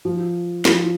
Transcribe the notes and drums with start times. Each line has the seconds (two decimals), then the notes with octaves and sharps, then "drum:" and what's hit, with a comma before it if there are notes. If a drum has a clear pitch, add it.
0.05 F3
0.65 F3, drum: snare